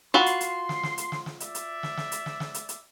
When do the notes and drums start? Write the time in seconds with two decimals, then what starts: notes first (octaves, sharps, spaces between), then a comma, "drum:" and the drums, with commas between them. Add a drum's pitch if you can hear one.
0.14 F4 F#4 B5 C6
0.26 drum: hi-hat
0.41 drum: hi-hat
0.69 drum: snare
0.83 drum: snare
0.98 drum: hi-hat
1.12 drum: snare
1.26 drum: snare
1.40 D5 E5, drum: hi-hat
1.55 drum: hi-hat
1.83 drum: snare
1.97 drum: snare
2.12 drum: hi-hat
2.26 drum: snare
2.40 drum: snare
2.54 drum: hi-hat
2.69 drum: hi-hat